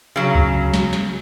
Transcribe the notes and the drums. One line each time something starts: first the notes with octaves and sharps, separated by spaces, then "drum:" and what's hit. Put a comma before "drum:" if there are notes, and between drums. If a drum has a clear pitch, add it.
C#3 F#3
drum: kick C#2
drum: snare
drum: snare